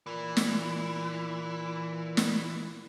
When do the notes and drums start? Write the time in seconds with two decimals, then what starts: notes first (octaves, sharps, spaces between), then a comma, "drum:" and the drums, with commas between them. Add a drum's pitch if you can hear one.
0.06 A#2 E3
0.37 drum: snare
2.17 drum: snare